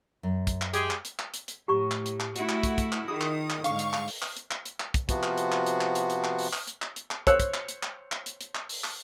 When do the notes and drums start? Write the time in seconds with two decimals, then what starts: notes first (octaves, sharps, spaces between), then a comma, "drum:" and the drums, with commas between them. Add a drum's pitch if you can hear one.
0.23 F#2
0.47 drum: kick, hi-hat
0.61 drum: clap
0.74 G#3 G4 G#4, drum: hi-hat
0.90 drum: clap
1.05 drum: hi-hat
1.19 drum: clap
1.34 drum: hi-hat
1.48 drum: hi-hat
1.68 A2 G4 A#5 C#6
1.91 drum: clap
2.06 drum: hi-hat
2.20 drum: clap
2.36 A3 E4 F#4, drum: hi-hat
2.49 drum: clap
2.63 drum: kick, hi-hat
2.78 drum: kick, hi-hat
2.92 drum: clap
3.08 D#3 F4 G#4 D#6
3.21 drum: clap
3.50 drum: clap
3.64 G#2 D3 F5 C#6, drum: hi-hat
3.79 drum: hi-hat
3.93 drum: clap
4.08 drum: open hi-hat
4.22 drum: clap
4.37 drum: hi-hat
4.51 drum: clap
4.65 drum: hi-hat
4.80 drum: clap
4.94 drum: kick, hi-hat
5.09 C3 F3 B3 F#4, drum: kick, hi-hat
5.23 drum: clap
5.38 drum: hi-hat
5.52 drum: clap
5.66 drum: hi-hat
5.81 drum: clap
5.95 drum: hi-hat
6.10 drum: hi-hat
6.24 drum: clap
6.39 drum: open hi-hat
6.53 drum: clap
6.67 drum: hi-hat
6.82 drum: clap
6.96 drum: hi-hat
7.11 drum: clap
7.27 C5 C#5 E6 F#6, drum: kick, hi-hat
7.40 drum: kick, hi-hat
7.54 drum: clap
7.68 drum: hi-hat
7.83 drum: clap
8.12 drum: clap
8.26 drum: hi-hat
8.41 drum: hi-hat
8.55 drum: clap
8.69 drum: open hi-hat
8.84 drum: clap